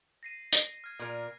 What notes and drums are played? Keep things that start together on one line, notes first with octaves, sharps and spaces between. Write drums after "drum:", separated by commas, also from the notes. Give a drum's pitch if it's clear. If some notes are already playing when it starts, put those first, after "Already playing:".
A#6 C7 D#7
drum: hi-hat
F6 G#6
A#2 A#4